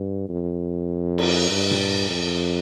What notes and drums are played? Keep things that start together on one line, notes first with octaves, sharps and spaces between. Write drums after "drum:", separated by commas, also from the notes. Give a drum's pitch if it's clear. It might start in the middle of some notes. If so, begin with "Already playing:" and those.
Already playing: G2
F2
drum: cymbal
G2
drum: tom A#2
F2